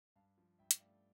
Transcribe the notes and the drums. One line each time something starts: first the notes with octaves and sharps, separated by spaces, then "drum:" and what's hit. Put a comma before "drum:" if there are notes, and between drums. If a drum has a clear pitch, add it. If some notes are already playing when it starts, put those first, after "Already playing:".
G2 F5 A5
F3
G2 E5 G5
G5, drum: hi-hat
A3 D5 F5